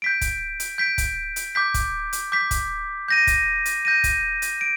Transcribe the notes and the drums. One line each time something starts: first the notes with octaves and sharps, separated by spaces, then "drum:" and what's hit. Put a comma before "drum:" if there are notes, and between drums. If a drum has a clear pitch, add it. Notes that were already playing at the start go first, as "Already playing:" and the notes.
G6 B6 D7
drum: kick, hi-hat
drum: hi-hat
G6 B6 D7
drum: kick, hi-hat
drum: hi-hat
D6 G6 B6
drum: kick, hi-hat
drum: hi-hat
D6 G6 B6
drum: kick, hi-hat
G6 A#6 D#7
drum: kick, hi-hat
drum: hi-hat
G6 A#6 D#7
drum: kick, hi-hat
drum: hi-hat
D7